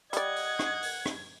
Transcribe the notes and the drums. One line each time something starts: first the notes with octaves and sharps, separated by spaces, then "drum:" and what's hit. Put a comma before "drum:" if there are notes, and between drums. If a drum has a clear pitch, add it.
G3 D5 D#5 F#5 G#6, drum: hi-hat
drum: open hi-hat
drum: rim click
drum: open hi-hat
drum: rim click